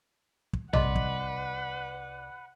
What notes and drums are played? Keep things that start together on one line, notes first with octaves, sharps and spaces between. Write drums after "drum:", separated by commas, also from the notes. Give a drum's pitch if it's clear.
drum: kick
C2 B4 D5 D#5 F#5 C6 D6, drum: tom A#1
drum: kick